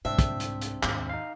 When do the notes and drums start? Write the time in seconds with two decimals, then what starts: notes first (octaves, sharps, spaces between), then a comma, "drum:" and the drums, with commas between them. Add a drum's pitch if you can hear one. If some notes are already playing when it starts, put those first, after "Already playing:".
0.05 C2 G#2 C4 D4 E5
0.19 drum: kick, hi-hat
0.40 drum: hi-hat
0.62 drum: hi-hat
0.83 D#2 G#2, drum: clap
1.09 D#4 F5